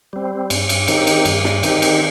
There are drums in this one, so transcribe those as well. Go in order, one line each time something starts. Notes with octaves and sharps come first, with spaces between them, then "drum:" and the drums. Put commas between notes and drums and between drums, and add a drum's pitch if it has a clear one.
G3 C4
G2, drum: cymbal
drum: cymbal
D#3 C4 D#4 G4, drum: cymbal
drum: cymbal
G2, drum: cymbal
drum: snare
D#3 C4 D#4 G4, drum: cymbal
drum: cymbal